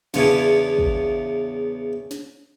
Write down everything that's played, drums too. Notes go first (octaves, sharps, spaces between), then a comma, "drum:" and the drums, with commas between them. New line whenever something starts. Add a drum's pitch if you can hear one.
E2 C#3 B3 C#4 D4 E4, drum: snare
drum: kick
drum: snare